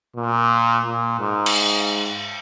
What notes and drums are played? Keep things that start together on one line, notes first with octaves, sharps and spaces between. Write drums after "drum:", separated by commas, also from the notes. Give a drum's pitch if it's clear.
A#2
A#2
G#2
drum: cymbal